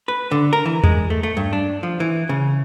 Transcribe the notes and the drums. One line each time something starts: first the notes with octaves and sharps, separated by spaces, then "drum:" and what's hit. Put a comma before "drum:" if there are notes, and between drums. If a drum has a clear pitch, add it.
B4
D3
A#4
E3
G#3, drum: tom E2
A3
A3
G2
D4
F3
E3
C#3